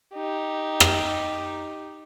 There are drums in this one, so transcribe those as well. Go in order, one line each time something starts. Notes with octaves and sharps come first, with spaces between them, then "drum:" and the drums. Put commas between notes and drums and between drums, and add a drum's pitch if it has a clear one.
D#4 G4
drum: rim click